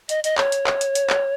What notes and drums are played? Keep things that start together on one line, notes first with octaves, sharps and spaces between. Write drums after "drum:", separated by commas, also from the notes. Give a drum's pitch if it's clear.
D#5, drum: hi-hat
D#5, drum: hi-hat
C#5, drum: clap
drum: hi-hat
drum: clap
drum: hi-hat
drum: hi-hat
drum: clap